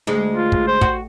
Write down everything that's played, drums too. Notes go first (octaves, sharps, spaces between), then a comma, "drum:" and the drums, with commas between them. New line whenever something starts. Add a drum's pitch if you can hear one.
D2 G#3
F4
drum: kick
C5
F#4, drum: kick